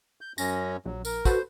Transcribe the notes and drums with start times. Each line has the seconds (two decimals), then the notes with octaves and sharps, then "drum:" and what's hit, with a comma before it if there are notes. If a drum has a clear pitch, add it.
0.21 G6
0.38 F#2 C#4 A#6, drum: tambourine
0.85 A#1 F#3
1.05 A#4, drum: tambourine
1.25 F#4 A4 B4 C5, drum: kick, tambourine